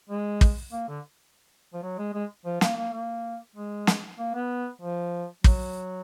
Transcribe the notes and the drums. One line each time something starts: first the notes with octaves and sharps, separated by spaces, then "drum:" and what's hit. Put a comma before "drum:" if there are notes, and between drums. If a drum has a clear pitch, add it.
G#3
drum: kick
A#3
D3
F3
F#3
G#3
G#3
F3
A#3, drum: snare
A#3
A#3
G#3
drum: snare
A#3
B3
F3
F#3, drum: kick